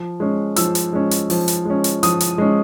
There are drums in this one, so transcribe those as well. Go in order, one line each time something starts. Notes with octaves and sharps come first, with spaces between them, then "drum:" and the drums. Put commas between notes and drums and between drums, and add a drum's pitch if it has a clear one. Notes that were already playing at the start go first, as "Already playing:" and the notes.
Already playing: F3
G#3 C#4
F3 E6, drum: hi-hat
drum: hi-hat
G#3 C#4
drum: hi-hat
F3, drum: open hi-hat
drum: hi-hat
G#3 C#4
drum: hi-hat
F3 D#6, drum: hi-hat
drum: hi-hat
G#3 C#4